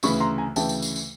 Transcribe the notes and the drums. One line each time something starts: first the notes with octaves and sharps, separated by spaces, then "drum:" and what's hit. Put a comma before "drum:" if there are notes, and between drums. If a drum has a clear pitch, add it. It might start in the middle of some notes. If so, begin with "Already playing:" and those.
D2 C#3 E3 B5 C#6, drum: tambourine
A#5 C6
G#5 A#5
D2 C#3 E3 G5 A5, drum: tambourine
drum: tambourine
drum: tambourine
drum: tambourine